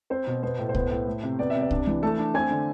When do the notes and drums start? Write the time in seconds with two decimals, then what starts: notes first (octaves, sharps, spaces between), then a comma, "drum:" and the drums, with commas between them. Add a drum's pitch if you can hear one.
0.10 C4 C5
0.27 B2
0.43 B3 C5
0.59 A2
0.69 C5
0.75 B3, drum: kick C2
0.91 A2
1.07 A3
1.23 C3
1.39 B3 D5
1.50 C3 E5
1.61 D5
1.71 D4, drum: kick C2
1.87 E3
2.03 A3 A4 A5
2.18 D4
2.34 C4 G#5 G#6
2.51 D3